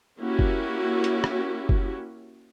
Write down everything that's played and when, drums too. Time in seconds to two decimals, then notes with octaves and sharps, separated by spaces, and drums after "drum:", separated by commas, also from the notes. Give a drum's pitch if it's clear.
0.19 A#3 C#4 E4 F#4 G4
0.39 drum: kick F#1
1.04 drum: hi-hat
1.24 drum: rim click
1.69 drum: kick F#1